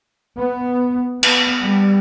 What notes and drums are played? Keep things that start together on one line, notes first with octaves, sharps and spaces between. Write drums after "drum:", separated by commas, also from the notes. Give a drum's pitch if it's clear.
B3
B3, drum: cymbal
G3